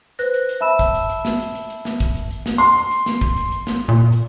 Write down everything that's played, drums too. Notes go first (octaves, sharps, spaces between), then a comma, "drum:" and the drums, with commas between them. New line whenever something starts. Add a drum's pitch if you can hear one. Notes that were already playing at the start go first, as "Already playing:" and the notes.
B4 C5 F#6 A#6, drum: hi-hat
drum: hi-hat
drum: hi-hat
E5 A5 B5 E6 E7
drum: kick, hi-hat
drum: hi-hat
drum: hi-hat
drum: snare
drum: hi-hat
drum: hi-hat
drum: hi-hat
drum: snare
drum: kick, hi-hat
drum: hi-hat
drum: hi-hat
drum: snare
C6, drum: hi-hat
drum: hi-hat
drum: hi-hat
drum: snare
drum: kick, hi-hat
drum: hi-hat
drum: hi-hat
drum: snare
A#2
drum: hi-hat